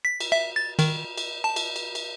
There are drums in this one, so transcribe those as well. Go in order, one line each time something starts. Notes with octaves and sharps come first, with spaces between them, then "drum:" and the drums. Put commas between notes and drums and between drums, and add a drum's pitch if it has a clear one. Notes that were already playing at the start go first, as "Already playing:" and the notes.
B6
drum: cymbal
E5
A6
D#3, drum: cymbal
drum: cymbal
A5
drum: cymbal
drum: cymbal
drum: cymbal